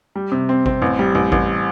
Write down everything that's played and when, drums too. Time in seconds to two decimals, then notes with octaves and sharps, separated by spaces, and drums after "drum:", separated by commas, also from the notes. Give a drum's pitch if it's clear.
0.16 G3
0.32 C3
0.49 C4
0.66 C4, drum: kick G#1
0.82 A1
0.99 G3
1.15 A1
1.32 A1, drum: kick G#1